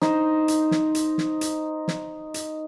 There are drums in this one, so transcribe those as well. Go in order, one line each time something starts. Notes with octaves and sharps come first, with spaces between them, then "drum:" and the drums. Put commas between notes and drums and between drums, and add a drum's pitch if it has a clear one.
D#4 C5, drum: snare
drum: hi-hat
drum: snare
drum: hi-hat
drum: snare
drum: hi-hat
drum: snare
drum: hi-hat